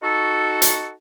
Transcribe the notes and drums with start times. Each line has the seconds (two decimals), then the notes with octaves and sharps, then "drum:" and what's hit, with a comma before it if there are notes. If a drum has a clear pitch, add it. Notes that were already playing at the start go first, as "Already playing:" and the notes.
0.02 D#4 F#4 A4
0.62 drum: hi-hat